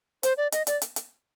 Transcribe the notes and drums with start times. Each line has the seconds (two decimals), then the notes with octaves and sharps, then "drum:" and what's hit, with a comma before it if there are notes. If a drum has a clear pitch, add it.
0.23 C5, drum: hi-hat
0.37 D5
0.52 D#5, drum: hi-hat
0.67 D5, drum: hi-hat
0.82 drum: hi-hat
0.96 drum: hi-hat